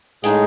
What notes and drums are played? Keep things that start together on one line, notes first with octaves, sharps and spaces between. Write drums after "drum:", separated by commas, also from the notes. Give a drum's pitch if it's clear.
A2 G#3 D#4 G#4, drum: hi-hat